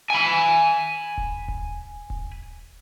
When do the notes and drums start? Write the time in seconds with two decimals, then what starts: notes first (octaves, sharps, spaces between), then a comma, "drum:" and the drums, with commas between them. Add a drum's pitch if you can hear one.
0.10 G#5 B5
1.18 drum: kick D#1
1.48 drum: kick D#1
2.10 drum: kick D#1